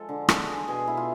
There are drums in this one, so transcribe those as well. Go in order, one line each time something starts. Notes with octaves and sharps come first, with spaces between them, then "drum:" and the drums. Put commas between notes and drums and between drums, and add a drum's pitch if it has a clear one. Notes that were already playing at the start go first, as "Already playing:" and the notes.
Already playing: F3 G#3 F4 A4
D3
G#3, drum: rim click
G#3
B2 G#4
B2 E4
F4